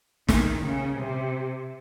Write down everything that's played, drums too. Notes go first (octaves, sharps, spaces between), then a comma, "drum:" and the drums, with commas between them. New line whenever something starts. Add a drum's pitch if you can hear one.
D#3, drum: snare
C#3
C3